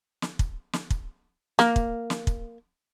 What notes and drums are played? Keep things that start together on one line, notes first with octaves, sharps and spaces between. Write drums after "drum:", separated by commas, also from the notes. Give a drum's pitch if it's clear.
drum: snare
drum: kick
drum: snare
drum: kick
A#3, drum: snare
drum: kick
drum: snare
drum: kick